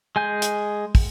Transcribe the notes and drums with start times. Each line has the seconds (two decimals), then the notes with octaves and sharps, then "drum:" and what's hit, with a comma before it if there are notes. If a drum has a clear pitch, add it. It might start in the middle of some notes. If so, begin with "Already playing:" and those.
0.16 G#3 G#5 G6
0.42 drum: hi-hat
0.95 drum: kick, open hi-hat